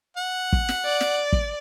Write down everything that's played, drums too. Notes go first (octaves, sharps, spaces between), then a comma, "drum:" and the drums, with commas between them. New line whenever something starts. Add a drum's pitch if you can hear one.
F#5
drum: kick
drum: snare
D5
drum: snare
drum: kick